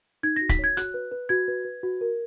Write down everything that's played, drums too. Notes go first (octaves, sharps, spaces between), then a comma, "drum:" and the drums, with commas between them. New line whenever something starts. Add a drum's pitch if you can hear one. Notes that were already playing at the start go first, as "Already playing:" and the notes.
D#4 G#6
F#4 A#6
B6, drum: kick, hi-hat
C#5 G#6
F#4 F#6, drum: hi-hat
B4
B4
F#4 G#6
B4
B4
F#4
A#4